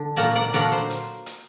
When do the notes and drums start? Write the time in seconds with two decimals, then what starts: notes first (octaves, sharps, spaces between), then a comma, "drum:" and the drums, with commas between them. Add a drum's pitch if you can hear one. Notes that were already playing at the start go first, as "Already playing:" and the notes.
Already playing: D3 D4
0.16 A#2 F#3 A#3 F#5 A5, drum: hi-hat
0.35 D5 F#5
0.53 D3 F#3 A#3 D4 D5 F#5, drum: hi-hat
0.72 C5
0.90 drum: hi-hat
1.26 drum: hi-hat